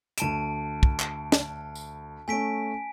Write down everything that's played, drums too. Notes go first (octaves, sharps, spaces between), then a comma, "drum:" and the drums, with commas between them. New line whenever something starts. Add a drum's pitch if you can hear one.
D2 A5 D7 E7, drum: hi-hat
drum: kick
drum: clap
drum: snare
drum: tambourine
A3 C#4 G#5 B6 D7